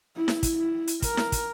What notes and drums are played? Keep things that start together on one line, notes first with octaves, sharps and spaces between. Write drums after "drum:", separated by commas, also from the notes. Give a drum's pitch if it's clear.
E4
drum: snare E4
drum: kick, hi-hat
E4
drum: hi-hat
A#4, drum: kick, hi-hat
drum: snare E4
drum: kick, hi-hat